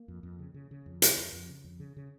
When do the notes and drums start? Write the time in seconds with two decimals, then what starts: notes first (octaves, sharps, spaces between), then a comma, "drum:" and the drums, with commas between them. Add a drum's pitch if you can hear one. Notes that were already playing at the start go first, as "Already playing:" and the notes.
Already playing: A#3
0.08 F2
0.23 F2
0.39 C#3
0.54 C#3
0.71 C#3
0.86 F2
1.02 C#3, drum: hi-hat
1.17 F2
1.33 F2
1.49 C#3
1.64 F2
1.80 C#3
1.97 C#3